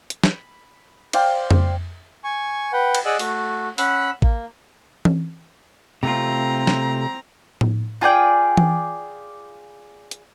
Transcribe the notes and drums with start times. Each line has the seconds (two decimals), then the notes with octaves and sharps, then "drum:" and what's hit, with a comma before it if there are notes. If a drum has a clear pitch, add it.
0.10 drum: hi-hat
0.24 B5, drum: snare
1.13 C5 D5 F5 G5, drum: cymbal
1.51 drum: tom F2
2.24 G#5 C#6
2.73 B4 F#5 G5
2.95 drum: cymbal
3.05 G#4 D5 D#5 F#5 E6 F#6
3.19 A3 F#4, drum: open hi-hat
3.78 C#4 F#5 B5 E6 F#6, drum: open hi-hat
4.22 A#3, drum: kick A1
5.05 drum: tom E3
6.03 C3 A3 C4 F4 A#5
6.67 drum: snare
7.61 drum: tom A2
8.01 F4 G#4 D5 G5
8.57 drum: tom E3
10.11 drum: hi-hat